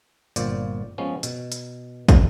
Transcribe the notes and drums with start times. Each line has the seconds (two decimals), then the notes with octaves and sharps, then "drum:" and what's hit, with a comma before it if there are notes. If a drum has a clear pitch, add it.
0.36 G1 A#2 C5 D5, drum: hi-hat
0.98 F3 G#3 B3 C#4
1.23 B2, drum: hi-hat
1.52 drum: hi-hat
2.09 drum: kick, hi-hat